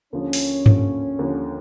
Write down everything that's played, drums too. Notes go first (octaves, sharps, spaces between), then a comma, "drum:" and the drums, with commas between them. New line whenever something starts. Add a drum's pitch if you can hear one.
D#2 D3 F3 C#4
drum: open hi-hat
D#2 D3 F3, drum: tom G2
D#2 D3 F3